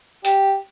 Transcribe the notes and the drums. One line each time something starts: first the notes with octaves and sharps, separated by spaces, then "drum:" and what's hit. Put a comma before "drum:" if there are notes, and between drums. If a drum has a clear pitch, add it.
G4, drum: hi-hat